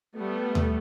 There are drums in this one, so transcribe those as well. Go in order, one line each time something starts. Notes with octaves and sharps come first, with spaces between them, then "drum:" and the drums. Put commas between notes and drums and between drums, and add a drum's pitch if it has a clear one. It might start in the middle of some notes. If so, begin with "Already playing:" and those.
G3 A3 B3
drum: tom D#2